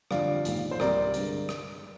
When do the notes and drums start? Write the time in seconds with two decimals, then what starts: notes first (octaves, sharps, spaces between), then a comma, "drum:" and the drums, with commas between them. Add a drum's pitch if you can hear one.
0.11 F2 D3 G3 D5 F5, drum: rim click
0.45 A#1 G#2 D#3, drum: hi-hat
0.71 C5
0.80 C2 C3 G3 A#4 D5, drum: rim click
1.14 G2 D3 G#3, drum: hi-hat
1.49 drum: rim click